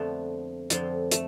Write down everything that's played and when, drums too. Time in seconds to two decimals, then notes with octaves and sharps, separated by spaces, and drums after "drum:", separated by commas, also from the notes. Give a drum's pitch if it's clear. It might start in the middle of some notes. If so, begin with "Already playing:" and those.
Already playing: F2 D3 F3 A3 B3
0.70 F2 D3 F3 C4, drum: hi-hat
1.12 A3, drum: hi-hat